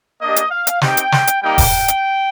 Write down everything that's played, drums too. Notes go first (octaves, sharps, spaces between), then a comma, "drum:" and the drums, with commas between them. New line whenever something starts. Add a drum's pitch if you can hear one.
A#3 D4 G4 D#5
drum: hi-hat
F5
drum: hi-hat
C4 D#4 G4 G5, drum: snare
drum: hi-hat
drum: snare
drum: hi-hat
G3 A#3 D#4 G4 G5
drum: kick E1, open hi-hat
drum: hi-hat